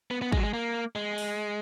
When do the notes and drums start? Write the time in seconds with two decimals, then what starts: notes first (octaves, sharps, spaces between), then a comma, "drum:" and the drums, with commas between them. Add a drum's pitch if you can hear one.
0.11 B3
0.22 B3
0.32 G#3, drum: kick
0.37 F#3
0.43 G#3
0.54 A#3
0.96 G#3
1.18 drum: open hi-hat